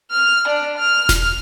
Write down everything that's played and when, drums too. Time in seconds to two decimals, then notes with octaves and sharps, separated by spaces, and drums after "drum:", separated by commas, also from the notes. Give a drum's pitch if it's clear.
0.11 F6
0.46 D4 D5
0.78 F6
1.09 drum: snare E1